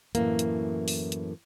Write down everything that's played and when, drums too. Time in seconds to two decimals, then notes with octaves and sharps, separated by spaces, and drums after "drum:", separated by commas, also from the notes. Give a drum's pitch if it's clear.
0.15 F#2 A2 E3 A#3, drum: hi-hat
0.39 drum: hi-hat
0.88 drum: open hi-hat
1.12 drum: hi-hat